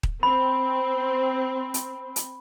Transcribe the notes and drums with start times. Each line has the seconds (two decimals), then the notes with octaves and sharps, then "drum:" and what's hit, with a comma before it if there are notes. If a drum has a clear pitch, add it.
0.03 drum: kick D#1
0.23 C4 B5
1.74 drum: hi-hat
2.16 drum: hi-hat